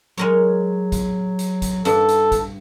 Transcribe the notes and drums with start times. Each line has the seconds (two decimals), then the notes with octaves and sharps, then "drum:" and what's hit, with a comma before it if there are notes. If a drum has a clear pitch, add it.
0.17 F#3 G#3 A#4 C#5
0.92 drum: kick A1, hi-hat
1.39 drum: hi-hat
1.62 drum: kick A1, hi-hat
1.85 G2 A4, drum: hi-hat
2.08 drum: hi-hat
2.32 drum: kick A1, hi-hat